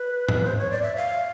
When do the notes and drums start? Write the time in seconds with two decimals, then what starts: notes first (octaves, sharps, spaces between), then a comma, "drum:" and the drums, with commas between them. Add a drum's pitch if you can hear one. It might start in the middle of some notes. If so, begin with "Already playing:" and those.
Already playing: B4
0.28 drum: tom G#2
0.44 C5
0.58 C#5
0.71 D5
0.82 E5
0.96 F5